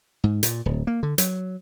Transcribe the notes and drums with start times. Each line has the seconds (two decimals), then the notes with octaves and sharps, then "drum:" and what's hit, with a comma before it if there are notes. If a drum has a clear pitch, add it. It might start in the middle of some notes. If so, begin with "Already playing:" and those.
0.24 G#2
0.43 A#2, drum: hi-hat
0.66 D1
0.87 A#3
1.03 D3
1.18 F#3, drum: hi-hat